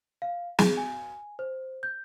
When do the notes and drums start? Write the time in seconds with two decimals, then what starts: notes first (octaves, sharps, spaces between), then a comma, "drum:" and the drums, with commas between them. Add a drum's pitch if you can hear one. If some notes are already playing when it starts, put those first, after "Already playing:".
0.22 F5
0.59 G#4, drum: snare
0.77 G#5
1.39 C5
1.83 G6